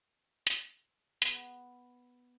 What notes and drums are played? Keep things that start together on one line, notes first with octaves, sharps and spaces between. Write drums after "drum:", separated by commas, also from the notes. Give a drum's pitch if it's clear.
drum: hi-hat
B3, drum: hi-hat